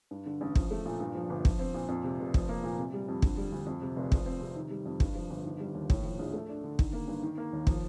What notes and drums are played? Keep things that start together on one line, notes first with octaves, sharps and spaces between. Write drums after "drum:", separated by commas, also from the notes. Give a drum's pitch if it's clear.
G2
D3
A1
F3, drum: kick
A3
A#2
G2
F3
G1
F3, drum: kick
C4
A#2
F2
C3
F1
F3, drum: kick
A#3
A#2
C3
G3
F2
D3, drum: kick
G3
D2
F2
C3
F1
F3, drum: kick
C4
C3
D#3
G3
F2
G2, drum: kick
F3
G1
D#3
G3
D#2
A2, drum: kick
F3
A#1
A3
D4
D3
D#3, drum: kick
A#3
G2
D#3
A#3
D#2
F3, drum: kick